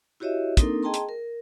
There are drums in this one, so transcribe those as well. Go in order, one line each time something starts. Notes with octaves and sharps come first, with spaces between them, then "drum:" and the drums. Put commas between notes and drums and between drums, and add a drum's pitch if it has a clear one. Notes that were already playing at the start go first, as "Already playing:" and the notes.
E4 F#4 G4 C#5 D#5 E5
A#3 C4 D4 D#4 A4 A#4, drum: kick, hi-hat
G#4 D#5 G5 A5 A#5 C6
drum: hi-hat
A#4